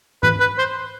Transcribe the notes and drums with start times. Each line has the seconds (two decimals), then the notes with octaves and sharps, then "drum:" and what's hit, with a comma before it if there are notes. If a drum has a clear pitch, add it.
0.23 B4, drum: tom G#2
0.40 B4
0.58 C5